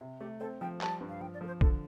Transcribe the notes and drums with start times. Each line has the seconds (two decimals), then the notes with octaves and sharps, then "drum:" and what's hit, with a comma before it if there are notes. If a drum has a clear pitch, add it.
0.01 C3
0.20 A3 G4
0.40 C4 A4
0.61 F3 G5
0.81 G3 A5, drum: clap
1.01 G2
1.09 F5
1.21 F3 G5
1.34 D5
1.41 F3 A4
1.47 C5
1.61 D3 A4, drum: kick A#1